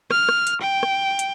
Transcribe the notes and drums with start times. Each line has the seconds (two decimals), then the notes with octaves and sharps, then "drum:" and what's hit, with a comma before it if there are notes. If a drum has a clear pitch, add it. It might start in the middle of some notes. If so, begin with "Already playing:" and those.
0.11 F6, drum: rim click
0.29 drum: rim click
0.47 drum: hi-hat
0.61 G5
0.83 drum: rim click
1.19 drum: hi-hat